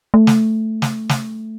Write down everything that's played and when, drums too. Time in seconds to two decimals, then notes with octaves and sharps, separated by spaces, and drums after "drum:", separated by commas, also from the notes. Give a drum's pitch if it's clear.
0.14 A3
0.27 drum: snare
0.82 drum: snare
1.09 drum: snare